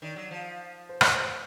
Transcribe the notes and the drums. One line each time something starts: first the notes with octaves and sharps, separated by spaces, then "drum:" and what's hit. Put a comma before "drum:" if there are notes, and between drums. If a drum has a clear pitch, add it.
D#3 D5
F#3
F3
C5
B4, drum: rim click
C5